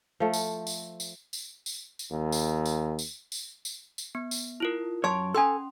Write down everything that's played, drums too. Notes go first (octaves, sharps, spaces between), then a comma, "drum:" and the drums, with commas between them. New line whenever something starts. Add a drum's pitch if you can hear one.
F3 A3
drum: tambourine
drum: tambourine
drum: tambourine
drum: tambourine
drum: tambourine
drum: tambourine
D#2
drum: tambourine
drum: tambourine
drum: tambourine
drum: tambourine
drum: tambourine
drum: tambourine
B3
drum: tambourine
E4 F4 A#4
F#2 C#5 A5 C6
C#4 A4 G5 G#5 C6